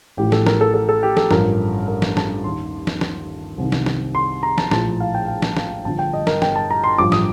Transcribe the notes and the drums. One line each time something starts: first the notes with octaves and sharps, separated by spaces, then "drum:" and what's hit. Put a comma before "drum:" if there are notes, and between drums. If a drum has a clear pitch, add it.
A1 A2 F3 G4
A4, drum: snare
A#4, drum: snare
A4
A4
A4
G4
A4, drum: snare
A1 G2 F3 A#4, drum: snare
A#4
drum: snare
A5, drum: snare
D#2 D#3 C6
drum: snare
drum: snare
C2 C3 D#3
drum: snare
drum: snare
C6
A#5
A5, drum: snare
A#1 A2 F3 A5, drum: snare
F5
G5
G5
drum: snare
drum: snare
G1 G2 D3 F3 A5
G5
D#5
A#4, drum: snare
G5, drum: snare
A5
A#5
C6
A1 G2 F3 D6
D#6, drum: snare